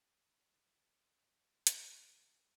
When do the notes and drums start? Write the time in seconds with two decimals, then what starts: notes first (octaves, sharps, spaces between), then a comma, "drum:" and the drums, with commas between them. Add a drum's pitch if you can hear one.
1.67 E2, drum: hi-hat
2.04 D#3
2.18 A3